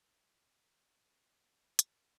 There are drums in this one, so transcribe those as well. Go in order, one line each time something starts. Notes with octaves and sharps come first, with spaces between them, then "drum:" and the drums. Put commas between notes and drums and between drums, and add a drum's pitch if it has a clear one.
A2
G#3 A#3
A2
B2
B2
B2
A2
A2, drum: hi-hat